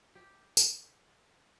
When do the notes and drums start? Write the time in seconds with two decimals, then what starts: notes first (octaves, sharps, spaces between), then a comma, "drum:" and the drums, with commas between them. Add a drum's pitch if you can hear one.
0.15 G4
0.57 drum: tambourine